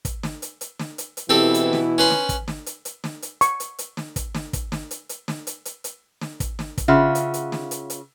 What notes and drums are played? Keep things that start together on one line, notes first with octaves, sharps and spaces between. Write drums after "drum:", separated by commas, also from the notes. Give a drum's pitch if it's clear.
drum: kick, hi-hat
drum: snare
drum: hi-hat
drum: hi-hat
drum: snare
drum: hi-hat
drum: hi-hat
B2 E3 C4 E4 G4 A4
drum: hi-hat
drum: snare
C#4 B4 C6
drum: snare
drum: kick, hi-hat
drum: snare
drum: hi-hat
drum: hi-hat
drum: snare
drum: hi-hat
C#6, drum: hi-hat
drum: hi-hat
drum: hi-hat
drum: snare
drum: kick, hi-hat
drum: snare
drum: kick, hi-hat
drum: snare
drum: hi-hat
drum: hi-hat
drum: snare
drum: hi-hat
drum: hi-hat
drum: hi-hat
drum: snare
drum: kick, hi-hat
drum: snare
drum: kick, hi-hat
C#3 F4 E5 F#5
drum: hi-hat
drum: hi-hat
drum: snare
drum: hi-hat
drum: hi-hat